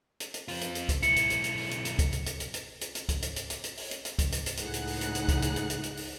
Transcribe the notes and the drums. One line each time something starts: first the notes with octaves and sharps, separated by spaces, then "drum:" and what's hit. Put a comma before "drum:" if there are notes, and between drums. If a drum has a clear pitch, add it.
drum: hi-hat
drum: hi-hat
C4 F4, drum: open hi-hat
drum: hi-hat
drum: hi-hat
drum: kick, hi-hat
B1 E4 C#7, drum: hi-hat
drum: hi-hat
drum: hi-hat
drum: hi-hat
drum: open hi-hat
drum: hi-hat
drum: hi-hat
drum: kick, hi-hat
drum: hi-hat
drum: hi-hat
drum: hi-hat
drum: hi-hat
drum: hi-hat
drum: hi-hat
drum: kick, hi-hat
drum: hi-hat
drum: hi-hat
drum: hi-hat
drum: hi-hat
drum: open hi-hat
drum: hi-hat
drum: hi-hat
drum: kick, hi-hat
drum: hi-hat
drum: hi-hat
C#2 A2 D#4 G#4 F#5 F#6, drum: hi-hat
drum: hi-hat
drum: open hi-hat
drum: hi-hat
drum: hi-hat
drum: kick, hi-hat
drum: hi-hat
drum: hi-hat
drum: hi-hat
drum: hi-hat
drum: open hi-hat